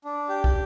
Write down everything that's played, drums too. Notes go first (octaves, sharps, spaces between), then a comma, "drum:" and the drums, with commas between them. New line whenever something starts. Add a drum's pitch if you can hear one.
D4
G4
drum: kick